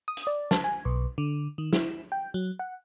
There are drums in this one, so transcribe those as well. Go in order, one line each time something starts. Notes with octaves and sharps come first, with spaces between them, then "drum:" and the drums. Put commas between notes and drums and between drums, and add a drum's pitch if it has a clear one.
D#6
drum: hi-hat
D5
A5, drum: snare
G#5
B1
D3
D#3
E4, drum: snare
G5
F#3
F#5